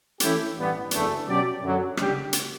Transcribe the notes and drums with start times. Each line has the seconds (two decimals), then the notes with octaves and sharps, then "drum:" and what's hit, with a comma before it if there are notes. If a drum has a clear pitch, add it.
0.20 E3 A3 C#4 E4 G4, drum: hi-hat
0.56 A1 G2 E3 G3 B3
0.91 F#1 E2 D3 A3, drum: hi-hat
1.26 B2 F#3 C#4 G4 D5
1.62 F#2 D3 F#3
1.97 C#3 G3 D4 G4, drum: rim click
2.33 drum: hi-hat